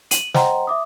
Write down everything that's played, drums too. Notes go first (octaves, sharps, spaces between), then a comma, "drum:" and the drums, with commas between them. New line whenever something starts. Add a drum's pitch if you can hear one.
D#7 F#7, drum: hi-hat
C5 D#5 F#5 G5 A#5 C6, drum: snare
E5 D6 D#6